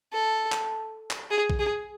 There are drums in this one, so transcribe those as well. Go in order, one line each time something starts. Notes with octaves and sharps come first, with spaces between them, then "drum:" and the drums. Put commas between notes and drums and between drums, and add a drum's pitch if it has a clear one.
A4
drum: clap
drum: clap
G#4
drum: kick
G#4